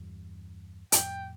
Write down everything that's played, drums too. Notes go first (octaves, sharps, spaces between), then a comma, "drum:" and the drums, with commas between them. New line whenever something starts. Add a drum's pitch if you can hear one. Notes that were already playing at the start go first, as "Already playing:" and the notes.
Already playing: E2 G2
F2 A2 G5, drum: hi-hat